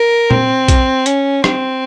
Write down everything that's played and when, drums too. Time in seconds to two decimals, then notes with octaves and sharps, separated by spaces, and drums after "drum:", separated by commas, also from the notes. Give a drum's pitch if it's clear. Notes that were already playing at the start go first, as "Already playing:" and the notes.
Already playing: A#4
0.31 C4, drum: tom A#2
0.68 drum: kick, hi-hat
1.06 C#4, drum: hi-hat
1.44 C4, drum: rim click